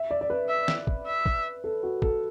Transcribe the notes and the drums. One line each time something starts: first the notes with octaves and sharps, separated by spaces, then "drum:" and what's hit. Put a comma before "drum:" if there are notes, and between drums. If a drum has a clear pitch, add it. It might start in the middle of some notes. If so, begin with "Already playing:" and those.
Already playing: E5
D5
D5
B4
E5
drum: snare
drum: kick
E5
drum: kick
A4
F#4
A4, drum: kick